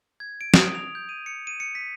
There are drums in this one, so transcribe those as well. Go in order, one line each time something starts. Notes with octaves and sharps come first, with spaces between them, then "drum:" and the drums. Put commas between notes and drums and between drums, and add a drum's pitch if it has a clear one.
G#6
D7
D#6, drum: snare
F7
G6
D#7
C#7
D#7
C#7
B6